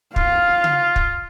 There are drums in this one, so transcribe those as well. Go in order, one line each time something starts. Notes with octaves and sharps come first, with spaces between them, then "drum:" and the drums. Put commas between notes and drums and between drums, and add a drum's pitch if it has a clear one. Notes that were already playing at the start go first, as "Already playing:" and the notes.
F4 F5, drum: kick
drum: tom C#3
drum: kick